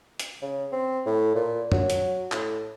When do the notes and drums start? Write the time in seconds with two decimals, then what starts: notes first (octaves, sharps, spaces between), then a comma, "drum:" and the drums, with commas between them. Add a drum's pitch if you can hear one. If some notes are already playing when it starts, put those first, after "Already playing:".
0.20 drum: hi-hat
0.42 C#3
0.72 C4
1.06 A2
1.35 A#2
1.72 F#3, drum: tom
1.90 drum: hi-hat
2.32 A2, drum: clap